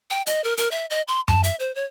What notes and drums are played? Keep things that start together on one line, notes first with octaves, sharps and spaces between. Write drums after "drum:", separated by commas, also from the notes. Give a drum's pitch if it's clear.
G5
D#5, drum: hi-hat
A#4
A#4, drum: hi-hat
E5
D#5
C6
A5, drum: tom F#2
E5, drum: hi-hat
C5
C#5